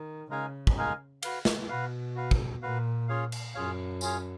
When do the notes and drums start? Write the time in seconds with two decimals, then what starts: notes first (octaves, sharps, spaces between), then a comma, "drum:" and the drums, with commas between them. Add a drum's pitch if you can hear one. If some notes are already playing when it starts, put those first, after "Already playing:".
Already playing: D#3
0.30 C#3 G#3 D#4 A#4 F5 G#5
0.67 drum: kick
0.77 G#3 D#4 A#4 F5 G#5
1.23 F#4 B4 F5, drum: cymbal
1.45 drum: snare
1.69 B2 F#4 B4 F5
2.15 F#4 B4 F5
2.31 drum: kick
2.62 A#2 F#4 B4 F5
3.08 C#4 F4 G#4 C#5 F5
3.32 drum: cymbal
3.55 F#2 C#4 F4 G#4 C#5 F5
4.01 C#4 F4 G#4 C#5 F5, drum: tambourine